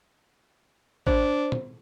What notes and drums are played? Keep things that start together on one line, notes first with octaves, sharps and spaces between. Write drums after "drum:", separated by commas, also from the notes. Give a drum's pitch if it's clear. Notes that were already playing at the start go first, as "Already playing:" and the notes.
D4 C5, drum: kick A1
drum: tom